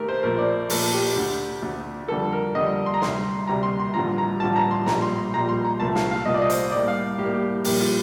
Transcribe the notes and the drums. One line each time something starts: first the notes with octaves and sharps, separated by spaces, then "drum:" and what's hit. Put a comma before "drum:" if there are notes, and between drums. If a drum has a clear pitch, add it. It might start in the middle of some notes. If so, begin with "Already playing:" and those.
Already playing: D#3 A3 G4 A#4
C5
A#1 A#2 A3 A#4
C5
D5
A#1 A#2 A3 A4, drum: open hi-hat
G4
D2 D3 A3
D2 D3 A3
F2 D3 G3 D4 A4
A#4
F2 D3 G3 D4 D#5
C6
A#5
D2 C3 G3 C6, drum: snare
D2 C3 G3 A#5
C6
C6
A1 G2 D3 F3 A#5
A#5
A1 G2 D3 F3 A5
A#5
C6
A#1 A#2 G3 A#5, drum: snare
C6
A#1 A#2 G3 A#5
C6
A#5
C2 A#2 A3 A5
F5, drum: snare
F5
C2 A#2 A3 D#5
D5
D#5
C5, drum: hi-hat
A2 G3 A#3 D5
F5
A2 G3 A#3 G4
G4
A#1 A2 G3 A#3 G4, drum: open hi-hat
F4